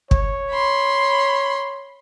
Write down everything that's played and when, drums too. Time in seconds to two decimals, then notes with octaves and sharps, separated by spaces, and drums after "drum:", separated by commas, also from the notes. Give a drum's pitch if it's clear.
0.11 C#5, drum: kick
0.51 B5 C6